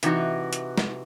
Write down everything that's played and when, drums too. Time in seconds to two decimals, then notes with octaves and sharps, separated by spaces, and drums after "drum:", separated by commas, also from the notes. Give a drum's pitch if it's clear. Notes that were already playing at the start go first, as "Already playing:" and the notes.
0.03 C3 E3 D#4 F#4, drum: hi-hat
0.53 drum: hi-hat
0.78 drum: snare